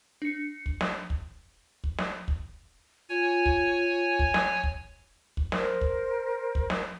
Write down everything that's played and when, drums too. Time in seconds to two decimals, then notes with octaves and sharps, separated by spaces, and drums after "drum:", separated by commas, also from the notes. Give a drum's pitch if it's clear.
0.22 D4 C#7
0.66 drum: kick
0.81 drum: snare
1.10 drum: kick
1.84 drum: kick
1.98 drum: snare
2.28 drum: kick
3.09 F4 C#5 G#5
3.46 drum: kick
4.19 drum: kick
4.34 drum: snare
4.64 drum: kick
5.37 drum: kick
5.52 A#4 C5, drum: snare
5.81 drum: kick
6.55 drum: kick
6.70 drum: snare